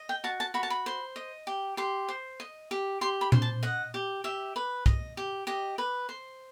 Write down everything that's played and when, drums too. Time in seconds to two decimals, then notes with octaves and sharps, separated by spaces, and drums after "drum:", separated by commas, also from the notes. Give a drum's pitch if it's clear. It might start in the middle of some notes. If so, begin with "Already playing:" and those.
Already playing: D#5
0.09 G5
0.24 F#4 A5
0.40 A5
0.54 F#4 B5
0.63 A5
0.70 B5
0.86 C5
1.16 D#5
1.47 G4
1.77 G4 C6
2.08 C5
2.40 D#5
2.71 G4
3.01 G4 C6
3.21 B5
3.32 C5, drum: tom A#2
3.42 A5
3.63 D#5 F#5
3.94 G4
4.24 G4 E5
4.56 B4
4.86 D#5, drum: kick
5.17 G4
5.47 G4 D#5
5.78 B4
6.09 C5